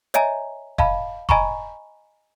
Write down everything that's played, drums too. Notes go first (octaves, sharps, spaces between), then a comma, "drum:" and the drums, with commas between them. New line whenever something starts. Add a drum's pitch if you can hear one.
C#5 D#5 E5 G#5 A#5, drum: hi-hat
D#5 F5 A5 B5, drum: kick F1
D#5 G#5 A#5 B5 C#6, drum: kick F1